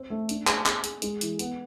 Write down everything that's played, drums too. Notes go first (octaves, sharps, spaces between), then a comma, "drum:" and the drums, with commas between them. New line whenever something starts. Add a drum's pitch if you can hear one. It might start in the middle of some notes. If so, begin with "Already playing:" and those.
Already playing: C4
A3
D4, drum: hi-hat
G#4, drum: clap
G#4, drum: clap
G#4, drum: hi-hat
G#3, drum: hi-hat
E3, drum: hi-hat
B3, drum: hi-hat